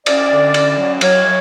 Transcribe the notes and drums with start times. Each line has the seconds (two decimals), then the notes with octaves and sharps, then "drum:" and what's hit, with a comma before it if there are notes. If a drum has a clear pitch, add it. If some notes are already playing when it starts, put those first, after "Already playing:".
0.06 C#4 D5, drum: cymbal
0.31 D3
0.54 C#4, drum: cymbal
0.78 F#3
1.01 F#3 C#5, drum: cymbal
1.25 F#3